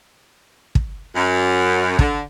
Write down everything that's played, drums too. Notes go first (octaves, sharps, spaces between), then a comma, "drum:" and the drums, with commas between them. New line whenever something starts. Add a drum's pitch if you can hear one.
drum: kick
F#2
D3, drum: kick